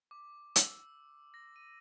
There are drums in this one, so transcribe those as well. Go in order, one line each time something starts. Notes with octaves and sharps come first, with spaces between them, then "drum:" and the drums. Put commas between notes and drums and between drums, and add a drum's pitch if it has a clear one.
D6
E6, drum: hi-hat
A#6
D#7